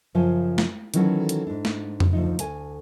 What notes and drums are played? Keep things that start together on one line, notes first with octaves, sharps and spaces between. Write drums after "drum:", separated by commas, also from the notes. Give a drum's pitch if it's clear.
F#2 C#3 F3 C5 G#5
drum: snare
D#3 E3 F#3 C#4 F#4 A4, drum: hi-hat
drum: hi-hat
G#2 D4
drum: snare
drum: tom F2
D2 F3 D#4
D2 G#5, drum: hi-hat